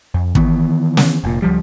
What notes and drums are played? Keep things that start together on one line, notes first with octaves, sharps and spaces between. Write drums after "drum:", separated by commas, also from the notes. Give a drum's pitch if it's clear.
F2
D#3 E3 B3, drum: kick
drum: snare
F1 A#2
C#2 F3 G3